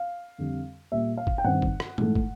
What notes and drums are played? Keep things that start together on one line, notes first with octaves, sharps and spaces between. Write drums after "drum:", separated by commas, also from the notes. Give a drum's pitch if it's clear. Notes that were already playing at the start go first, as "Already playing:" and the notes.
Already playing: F5
F2 D3 G3
A#2 G3 A#3 E5
F5
drum: kick
G5
G2 D#3 G3 C4 F#5
drum: kick
drum: rim click
G#2 E3 A3, drum: tom A#2
drum: kick